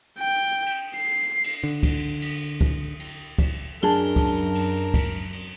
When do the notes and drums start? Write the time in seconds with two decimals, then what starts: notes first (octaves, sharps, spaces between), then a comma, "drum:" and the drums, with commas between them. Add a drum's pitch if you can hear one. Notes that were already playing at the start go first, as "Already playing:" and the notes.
0.19 G5
0.66 drum: cymbal
0.97 C7
1.44 drum: cymbal
1.64 D3
1.83 drum: kick, cymbal
2.22 drum: cymbal
2.61 drum: kick
3.00 drum: cymbal
3.38 drum: kick, cymbal
3.83 F#2 D4 G#4 A#4 A5 G7
4.16 drum: kick, cymbal
4.55 drum: cymbal
4.94 drum: kick, cymbal
5.33 drum: cymbal